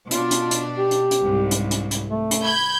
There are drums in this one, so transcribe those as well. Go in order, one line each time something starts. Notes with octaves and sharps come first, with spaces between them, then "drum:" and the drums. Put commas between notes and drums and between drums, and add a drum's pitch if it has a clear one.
B2 D4 F4, drum: hi-hat
drum: hi-hat
drum: hi-hat
G4
drum: hi-hat
drum: hi-hat
C2 G#2
drum: hi-hat
drum: hi-hat
drum: hi-hat
A3
drum: hi-hat
B5 G6 G#6